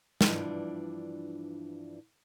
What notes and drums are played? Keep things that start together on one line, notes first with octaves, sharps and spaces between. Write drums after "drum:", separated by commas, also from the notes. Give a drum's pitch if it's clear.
G2 E3 F3 D4 D5, drum: snare